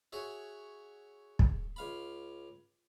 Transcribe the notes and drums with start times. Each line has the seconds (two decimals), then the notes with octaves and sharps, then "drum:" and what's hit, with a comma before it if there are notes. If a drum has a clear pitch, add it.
0.13 F#4 G#4 C#5 E5
1.39 drum: kick
1.76 C#2 F5 B5